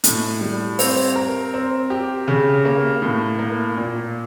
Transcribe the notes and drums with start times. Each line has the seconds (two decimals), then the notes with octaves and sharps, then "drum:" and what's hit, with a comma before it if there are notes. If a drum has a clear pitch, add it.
0.04 A2, drum: hi-hat
0.41 G3
0.79 C4, drum: open hi-hat
1.16 A#4
1.54 C4
1.90 G4
2.28 C#3
2.65 A#3
3.02 A2
3.39 A#3
3.77 A#2